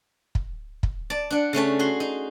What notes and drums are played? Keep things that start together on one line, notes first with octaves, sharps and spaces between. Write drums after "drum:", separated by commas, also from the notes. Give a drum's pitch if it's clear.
drum: kick
drum: kick
D5 A5
D4 F#5
C#3 A3 C#4 A5
F#4 G#4 C6
D#4